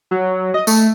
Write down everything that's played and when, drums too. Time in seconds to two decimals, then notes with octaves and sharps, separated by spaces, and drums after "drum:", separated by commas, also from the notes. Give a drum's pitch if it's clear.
0.11 F#3
0.54 D#5
0.67 A3, drum: tambourine